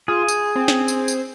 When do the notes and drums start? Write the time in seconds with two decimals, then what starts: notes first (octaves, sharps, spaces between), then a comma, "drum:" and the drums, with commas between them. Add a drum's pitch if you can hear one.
0.08 F4 G#4
0.28 drum: tambourine
0.55 C4
0.68 drum: snare
0.88 drum: tambourine
1.08 drum: tambourine